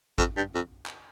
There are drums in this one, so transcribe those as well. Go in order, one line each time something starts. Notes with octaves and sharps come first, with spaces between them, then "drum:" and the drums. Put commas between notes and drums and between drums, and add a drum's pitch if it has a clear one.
F2, drum: kick G#1
G2
F2
drum: clap